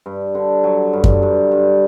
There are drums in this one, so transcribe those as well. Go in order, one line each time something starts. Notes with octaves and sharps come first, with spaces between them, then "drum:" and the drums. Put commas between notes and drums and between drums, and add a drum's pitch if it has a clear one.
G2
D3
F#3
G2
drum: kick F#2
G2
G2